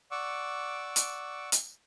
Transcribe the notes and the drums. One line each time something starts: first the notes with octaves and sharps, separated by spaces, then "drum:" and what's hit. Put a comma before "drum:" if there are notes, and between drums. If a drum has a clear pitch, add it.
D5 F#5 C#6 D6 E6
drum: hi-hat
drum: hi-hat